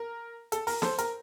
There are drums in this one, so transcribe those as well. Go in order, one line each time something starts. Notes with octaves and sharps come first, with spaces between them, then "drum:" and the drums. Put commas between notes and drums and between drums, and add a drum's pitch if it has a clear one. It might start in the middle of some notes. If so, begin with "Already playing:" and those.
Already playing: A#4
A4, drum: hi-hat
A#4, drum: open hi-hat
A4 C5, drum: snare
A#4, drum: hi-hat